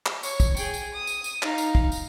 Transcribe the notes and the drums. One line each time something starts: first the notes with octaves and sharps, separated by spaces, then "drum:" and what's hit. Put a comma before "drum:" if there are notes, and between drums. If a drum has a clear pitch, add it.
drum: clap
C#5 C#6, drum: tambourine
drum: kick, tambourine
G#4 G5, drum: tambourine
drum: tambourine
D#6
drum: tambourine
drum: tambourine
D#4 F5, drum: clap
drum: tambourine
drum: kick
drum: tambourine